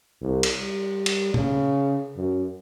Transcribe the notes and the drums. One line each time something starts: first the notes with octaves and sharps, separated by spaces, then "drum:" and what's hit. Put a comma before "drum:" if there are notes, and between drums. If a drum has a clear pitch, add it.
C2
drum: cymbal
G3
drum: cymbal
C#3, drum: tom A#2
F#2